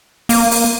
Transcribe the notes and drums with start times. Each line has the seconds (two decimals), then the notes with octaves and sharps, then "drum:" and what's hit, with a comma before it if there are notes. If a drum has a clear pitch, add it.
0.29 A#3, drum: open hi-hat
0.51 drum: open hi-hat